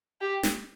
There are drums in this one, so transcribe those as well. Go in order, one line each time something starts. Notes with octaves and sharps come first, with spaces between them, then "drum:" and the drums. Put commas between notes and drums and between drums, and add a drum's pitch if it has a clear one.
G4
drum: snare